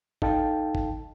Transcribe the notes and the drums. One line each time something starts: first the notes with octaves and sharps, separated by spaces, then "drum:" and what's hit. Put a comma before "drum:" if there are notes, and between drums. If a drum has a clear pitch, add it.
D#4 A4 F5 G5 A5, drum: kick G1
drum: kick G1